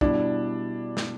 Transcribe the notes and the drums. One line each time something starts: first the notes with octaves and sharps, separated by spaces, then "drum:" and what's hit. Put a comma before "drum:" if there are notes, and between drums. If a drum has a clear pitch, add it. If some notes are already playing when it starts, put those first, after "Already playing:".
B2 G3 D4 E4, drum: kick
drum: snare